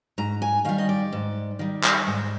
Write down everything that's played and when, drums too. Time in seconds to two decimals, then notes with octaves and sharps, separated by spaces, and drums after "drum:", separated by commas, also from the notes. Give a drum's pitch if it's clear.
0.18 G#2 A#5
0.42 G#5
0.65 D#3 G3 F5
0.78 D#5
0.89 D5
1.12 G#2
1.59 D#3 G3
1.84 drum: clap
2.07 G#2